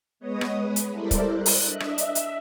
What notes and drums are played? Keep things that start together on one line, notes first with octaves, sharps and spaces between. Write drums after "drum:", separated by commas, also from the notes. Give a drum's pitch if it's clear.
G#3 B3 B4 C#5 D#5 D#6
drum: rim click
G#3 B4
drum: hi-hat
G3 E4 A4 A#4 C5 D5
drum: kick, hi-hat
F#6
drum: open hi-hat
D4 D#5 E5
drum: rim click
E5, drum: hi-hat
drum: hi-hat